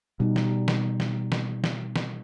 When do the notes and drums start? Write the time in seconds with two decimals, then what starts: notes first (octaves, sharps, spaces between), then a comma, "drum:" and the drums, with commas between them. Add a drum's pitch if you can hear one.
0.20 B2 G3 D#4
0.36 drum: snare
0.68 drum: snare
1.00 drum: snare
1.32 drum: snare
1.64 drum: snare
1.96 drum: snare